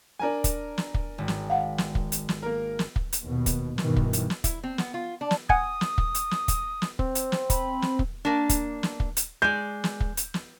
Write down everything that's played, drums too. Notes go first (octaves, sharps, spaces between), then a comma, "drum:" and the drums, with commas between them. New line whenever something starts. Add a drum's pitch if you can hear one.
D4 A#4 G#5
drum: kick, hi-hat
drum: snare
drum: kick
G#1
drum: snare
F5 F#5
drum: snare
drum: kick
drum: hi-hat
drum: snare
A#3 A#4
drum: snare
drum: kick
drum: hi-hat
D#2 B2
drum: kick, hi-hat
G2 B2 D#3 E3, drum: snare
drum: kick
drum: hi-hat
drum: snare
E4, drum: kick, hi-hat
C4
B3, drum: snare
F4
D4
drum: snare
F#5 G#5 D#6 G#6, drum: kick
drum: snare
drum: kick
drum: hi-hat
drum: snare
drum: kick, hi-hat
drum: snare
C4, drum: kick
drum: hi-hat
drum: snare
B5, drum: kick, hi-hat
drum: snare
drum: kick
A#3 D4
drum: kick, hi-hat
drum: snare
drum: kick
drum: hi-hat
G#3 D5 G6
drum: snare
drum: kick
drum: hi-hat
drum: snare